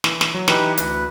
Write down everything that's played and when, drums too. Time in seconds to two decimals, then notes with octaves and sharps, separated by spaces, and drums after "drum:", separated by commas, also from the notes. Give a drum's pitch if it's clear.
0.04 E3, drum: snare
0.21 drum: snare
0.34 F#3
0.48 E3 D#4 G4 B4 C#7, drum: snare
0.77 D2 B4, drum: hi-hat